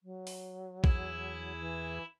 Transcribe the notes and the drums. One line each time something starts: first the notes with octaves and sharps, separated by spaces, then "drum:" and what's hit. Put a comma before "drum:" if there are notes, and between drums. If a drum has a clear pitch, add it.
F#3
drum: open hi-hat
E2 E4 G#4, drum: kick A#1
E3